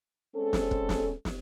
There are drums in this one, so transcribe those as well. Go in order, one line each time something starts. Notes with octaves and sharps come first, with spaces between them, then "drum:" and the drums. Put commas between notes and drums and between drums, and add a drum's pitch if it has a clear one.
G#3 C4 C#4 A4
drum: snare
drum: kick
drum: snare
drum: snare